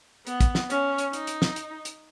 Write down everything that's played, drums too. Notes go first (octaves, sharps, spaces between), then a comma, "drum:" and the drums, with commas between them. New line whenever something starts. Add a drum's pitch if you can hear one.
B3, drum: hi-hat
drum: kick, hi-hat
drum: snare
C#4, drum: hi-hat
drum: hi-hat
D#4, drum: hi-hat
drum: hi-hat
drum: snare
drum: hi-hat
drum: hi-hat